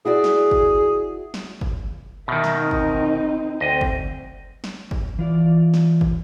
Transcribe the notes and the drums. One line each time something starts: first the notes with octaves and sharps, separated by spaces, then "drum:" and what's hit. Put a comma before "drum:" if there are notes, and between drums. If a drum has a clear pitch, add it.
E4 F#4 G#4 D5
drum: snare
drum: kick
drum: snare
drum: kick
B2 D#3 A#4 E5
drum: snare
C4 D#4
drum: kick
D2 C4 D#5
drum: kick
drum: snare
drum: kick
E3 F4 D5
drum: snare
drum: kick